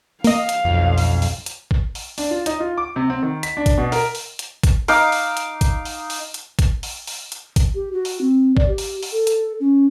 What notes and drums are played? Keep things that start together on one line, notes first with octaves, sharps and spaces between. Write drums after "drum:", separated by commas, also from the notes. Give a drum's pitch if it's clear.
A#3 D#5 F5, drum: open hi-hat
drum: hi-hat
B1 F2
drum: open hi-hat
drum: open hi-hat
drum: hi-hat
drum: kick
drum: open hi-hat
D4, drum: open hi-hat
F4
D#4, drum: hi-hat
F4
D6
C3
C4
D#3
B6, drum: hi-hat
D4
drum: kick, hi-hat
B2
A#4, drum: open hi-hat
drum: open hi-hat
drum: hi-hat
drum: kick, hi-hat
D#4 F5 D6, drum: open hi-hat
drum: open hi-hat
drum: hi-hat
drum: kick, hi-hat
drum: open hi-hat
drum: open hi-hat
drum: hi-hat
drum: kick, hi-hat
drum: open hi-hat
drum: open hi-hat
drum: hi-hat
drum: kick, hi-hat
G4
F#4
drum: open hi-hat
C4
D5, drum: kick
G4
drum: open hi-hat
drum: open hi-hat
A4
drum: hi-hat
C#4